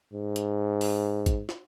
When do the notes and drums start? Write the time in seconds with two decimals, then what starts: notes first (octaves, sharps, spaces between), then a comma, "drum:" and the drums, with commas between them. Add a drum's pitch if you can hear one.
0.13 G#2
0.36 drum: hi-hat
0.81 drum: open hi-hat
1.26 drum: kick A1, hi-hat
1.49 drum: snare